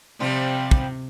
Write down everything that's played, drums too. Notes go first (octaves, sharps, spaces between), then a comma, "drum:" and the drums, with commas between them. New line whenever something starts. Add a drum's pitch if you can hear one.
C3 F3 G3 F4
drum: kick